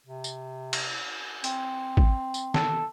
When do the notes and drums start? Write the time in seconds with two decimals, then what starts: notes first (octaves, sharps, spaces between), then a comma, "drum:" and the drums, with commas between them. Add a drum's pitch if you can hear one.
0.07 C3
0.24 drum: tambourine
0.73 drum: cymbal
1.44 C4, drum: hi-hat
1.97 drum: kick
2.34 drum: tambourine
2.54 A4, drum: snare